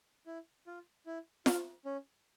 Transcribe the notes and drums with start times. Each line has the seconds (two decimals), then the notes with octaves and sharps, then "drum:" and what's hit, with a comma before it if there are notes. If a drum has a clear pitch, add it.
0.26 E4
0.67 F4
1.06 E4
1.46 F4, drum: snare F4
1.85 C#4